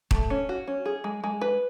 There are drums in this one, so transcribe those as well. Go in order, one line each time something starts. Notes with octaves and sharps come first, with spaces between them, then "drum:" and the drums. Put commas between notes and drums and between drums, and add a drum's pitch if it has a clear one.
A3, drum: kick D#1
C#4
F#4
C#4
G#4
G#3
G#3
B4